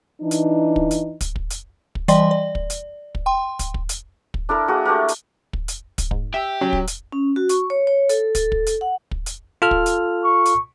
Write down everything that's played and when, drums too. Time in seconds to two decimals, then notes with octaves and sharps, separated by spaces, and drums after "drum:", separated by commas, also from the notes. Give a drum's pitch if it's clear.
0.19 E3 D4 D#4
0.31 drum: hi-hat
0.76 drum: kick
0.91 drum: hi-hat
1.21 drum: kick, hi-hat
1.36 drum: kick
1.51 drum: hi-hat
1.95 drum: kick
2.08 E3 G3 D5 D#5 G5 C6, drum: hi-hat
2.31 D5
2.55 drum: kick
2.70 drum: hi-hat
3.15 drum: kick
3.26 G5 C6
3.59 drum: kick, hi-hat
3.74 drum: kick
3.89 drum: hi-hat
4.34 drum: kick
4.49 D4 E4 A4 A#4
4.68 A#3 F#4 G#4
4.85 A3 G4 A#4
5.09 drum: hi-hat
5.53 drum: kick
5.68 drum: hi-hat
5.98 drum: kick, hi-hat
6.11 G#2, drum: kick
6.34 G4 E5
6.61 F#3 C#4
6.73 drum: kick
6.88 drum: hi-hat
7.12 C#4
7.36 F#4
7.49 C#6, drum: hi-hat
7.70 C#5
7.87 C#5
8.09 A4, drum: hi-hat
8.35 A4, drum: kick, hi-hat
8.52 drum: kick
8.67 drum: hi-hat
8.81 F#5
9.11 drum: kick
9.26 drum: hi-hat
9.62 F4 A4 F6
9.71 drum: kick
9.86 drum: hi-hat
10.24 C#6
10.46 drum: hi-hat